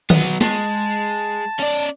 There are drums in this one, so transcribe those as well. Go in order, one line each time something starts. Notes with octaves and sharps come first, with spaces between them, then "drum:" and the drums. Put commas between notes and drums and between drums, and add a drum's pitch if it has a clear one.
F#3 B3, drum: tom D#3
G#3 A5, drum: snare
C#4 D5